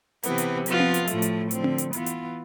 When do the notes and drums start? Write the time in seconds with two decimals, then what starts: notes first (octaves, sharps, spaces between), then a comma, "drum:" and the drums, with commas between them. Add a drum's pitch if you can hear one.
0.23 C3 E3 B3, drum: hi-hat
0.38 drum: hi-hat
0.66 F3 B3 F4, drum: hi-hat
0.80 drum: tom C4
0.94 drum: hi-hat
1.07 A2 F3 A3, drum: hi-hat
1.22 drum: hi-hat
1.51 D3 F3 C4, drum: hi-hat
1.64 drum: tom C4
1.78 drum: hi-hat
1.93 E3 B3 F4, drum: hi-hat
2.06 drum: hi-hat